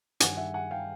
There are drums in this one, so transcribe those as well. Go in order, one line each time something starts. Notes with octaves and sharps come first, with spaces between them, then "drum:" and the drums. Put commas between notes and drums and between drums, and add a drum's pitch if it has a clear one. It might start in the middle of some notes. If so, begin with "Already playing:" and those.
G2 D#3 G3 F#5 G#5, drum: hi-hat
E5 F#5
F#5 G#5
F5 G5